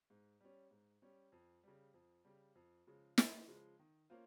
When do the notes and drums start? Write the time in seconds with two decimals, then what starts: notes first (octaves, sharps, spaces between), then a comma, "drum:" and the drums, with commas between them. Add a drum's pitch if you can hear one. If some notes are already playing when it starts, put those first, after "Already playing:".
0.10 G#2
0.41 G3 C#4
0.71 G#2
1.02 G3 C#4
1.32 F2
1.64 C#3 G3
1.94 F2
2.25 C#3 G3
2.55 F2
2.87 C#3 F3 G#3
3.18 F2, drum: snare
3.48 C#3 F3 G#3
3.79 D#3
4.10 A#3 C#4 F4 C5